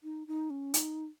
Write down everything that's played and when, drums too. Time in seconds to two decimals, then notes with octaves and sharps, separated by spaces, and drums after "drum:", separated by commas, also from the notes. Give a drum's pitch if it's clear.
0.03 D#4
0.27 D#4
0.50 C#4
0.74 D#4, drum: hi-hat